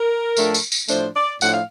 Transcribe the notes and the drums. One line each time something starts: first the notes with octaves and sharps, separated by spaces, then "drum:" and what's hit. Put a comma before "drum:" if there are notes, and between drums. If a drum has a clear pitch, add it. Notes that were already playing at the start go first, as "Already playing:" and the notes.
Already playing: A#4
A2 F3 A3 D4, drum: tambourine
drum: tambourine
drum: tambourine
A2 F3 A3 D4 C5, drum: tambourine
D5
A2 F3 A3 D4 F#5, drum: tambourine
F5